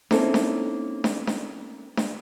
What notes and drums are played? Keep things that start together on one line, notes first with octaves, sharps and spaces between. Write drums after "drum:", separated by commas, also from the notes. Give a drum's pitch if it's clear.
A#3 C4 C#4 D#4 E4 A4, drum: snare D4
drum: snare D4
drum: snare D4
drum: snare D4
drum: snare D4